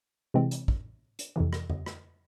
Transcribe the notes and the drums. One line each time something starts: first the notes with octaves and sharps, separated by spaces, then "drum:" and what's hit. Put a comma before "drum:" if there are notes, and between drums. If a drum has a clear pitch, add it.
C3 E3 G#3 C4
drum: hi-hat
drum: kick A1
drum: hi-hat
F2 C3 E3
drum: rim click
drum: tom F2
drum: rim click